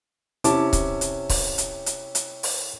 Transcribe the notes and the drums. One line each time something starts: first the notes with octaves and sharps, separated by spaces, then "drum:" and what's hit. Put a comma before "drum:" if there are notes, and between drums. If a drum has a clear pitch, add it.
C3 C#4 E4 A5 D6, drum: hi-hat
drum: kick C#1, hi-hat
drum: hi-hat
drum: kick C#1, open hi-hat
drum: hi-hat
drum: hi-hat
drum: hi-hat
drum: open hi-hat